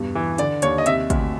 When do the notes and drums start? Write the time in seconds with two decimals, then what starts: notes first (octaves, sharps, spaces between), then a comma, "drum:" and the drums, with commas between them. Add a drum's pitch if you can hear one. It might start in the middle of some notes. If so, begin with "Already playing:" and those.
Already playing: E2 G2 B2
0.15 E3
0.38 D3 D5, drum: hi-hat
0.62 D#2 C#5, drum: hi-hat
0.78 D#5
0.86 C3 E5, drum: hi-hat
1.10 D2, drum: kick, hi-hat